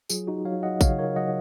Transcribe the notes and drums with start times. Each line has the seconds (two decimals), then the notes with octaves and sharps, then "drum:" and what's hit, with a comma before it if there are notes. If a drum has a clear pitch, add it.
0.10 F#3 F4 G#4, drum: tambourine
0.27 D#4 F#4
0.45 F#3 C#5 F5
0.63 D#5 F#5
0.81 C#3 C#5 F5, drum: kick A1, tambourine
0.99 A#4 C#5
1.16 F#3 D#5 F#5